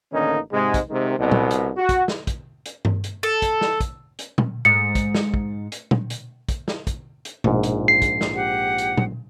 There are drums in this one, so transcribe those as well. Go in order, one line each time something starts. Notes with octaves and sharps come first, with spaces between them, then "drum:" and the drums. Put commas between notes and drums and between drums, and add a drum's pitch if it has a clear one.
A1 D3 D#3 A#3 C#4 D#4
G#2 C3 G#3
drum: kick, hi-hat
G#2 C3 D#3
C2 B2
drum: tom A#2
drum: hi-hat
F#4
drum: kick, hi-hat
drum: snare
drum: kick, hi-hat
drum: hi-hat
drum: tom G2
drum: hi-hat
A4
drum: kick, hi-hat
drum: snare
drum: kick, hi-hat
drum: hi-hat
drum: tom A#2
G#2 C#7
drum: kick, hi-hat
drum: snare
drum: kick
drum: hi-hat
drum: tom A#2
drum: hi-hat
drum: kick, hi-hat
drum: snare
drum: kick, hi-hat
drum: hi-hat
A#1 G#2, drum: tom B2
drum: hi-hat
C7
drum: kick, hi-hat
drum: snare
G4 F#5
drum: hi-hat
drum: tom A#2